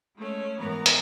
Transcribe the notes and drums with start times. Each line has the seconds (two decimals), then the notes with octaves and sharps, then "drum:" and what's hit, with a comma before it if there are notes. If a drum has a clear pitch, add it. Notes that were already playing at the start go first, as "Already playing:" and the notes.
0.16 G#3 A3 C#4
0.59 G#2 E3 B3 A#4 A#5
0.86 drum: hi-hat